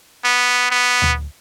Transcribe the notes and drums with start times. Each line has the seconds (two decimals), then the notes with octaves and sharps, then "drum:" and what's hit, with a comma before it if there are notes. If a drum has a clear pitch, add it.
0.24 B3
0.71 B3
1.02 drum: tom D2